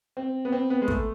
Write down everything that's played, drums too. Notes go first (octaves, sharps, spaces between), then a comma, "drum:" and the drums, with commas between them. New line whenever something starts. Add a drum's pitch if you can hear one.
C4
B3
C4
B3
G#3
A3, drum: kick